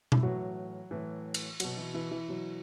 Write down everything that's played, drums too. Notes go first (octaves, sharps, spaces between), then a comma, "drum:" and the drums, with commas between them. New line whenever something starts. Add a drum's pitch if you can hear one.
E4, drum: tom B2
A2 E3 F#3 F#4
A2 E3
drum: cymbal
B2 F#3 F#4, drum: cymbal
E3 E4
E3 E4
E3 E4
B2 F#3